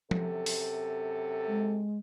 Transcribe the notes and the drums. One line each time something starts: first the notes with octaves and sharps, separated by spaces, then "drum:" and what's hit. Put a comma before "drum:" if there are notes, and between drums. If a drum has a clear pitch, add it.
F#2 C3 A4, drum: tom F3
drum: open hi-hat
G#3